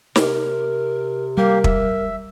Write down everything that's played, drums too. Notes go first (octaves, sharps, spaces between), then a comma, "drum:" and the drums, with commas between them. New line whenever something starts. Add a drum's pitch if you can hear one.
C3 A#4, drum: snare
G3 A#3 G4 A#4
E5, drum: kick